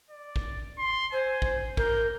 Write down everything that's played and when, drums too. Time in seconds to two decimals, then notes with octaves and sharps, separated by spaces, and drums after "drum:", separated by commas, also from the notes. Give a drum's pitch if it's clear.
0.10 D5
0.36 drum: kick
0.78 C6
1.13 C5 G#5
1.42 drum: kick
1.77 A#4 G6, drum: kick